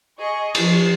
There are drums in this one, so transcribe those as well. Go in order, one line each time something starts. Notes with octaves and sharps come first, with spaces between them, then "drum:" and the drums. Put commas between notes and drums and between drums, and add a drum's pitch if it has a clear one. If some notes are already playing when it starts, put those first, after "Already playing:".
G#4 D#5 C#6
F3 C7, drum: cymbal